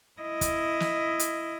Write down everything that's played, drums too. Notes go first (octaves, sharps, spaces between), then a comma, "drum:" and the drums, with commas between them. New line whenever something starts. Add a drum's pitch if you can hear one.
E4 D#5
drum: kick, hi-hat
drum: snare
drum: hi-hat